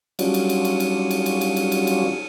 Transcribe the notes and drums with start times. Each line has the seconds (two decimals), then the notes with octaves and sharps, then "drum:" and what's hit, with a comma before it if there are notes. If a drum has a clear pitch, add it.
0.19 F#3 G3 C#4 D4 F4 F#4, drum: cymbal
0.34 drum: cymbal
0.49 drum: cymbal
0.65 drum: cymbal
0.80 drum: cymbal
1.11 drum: cymbal
1.26 drum: cymbal
1.41 drum: cymbal
1.56 drum: cymbal
1.72 drum: cymbal
1.87 drum: cymbal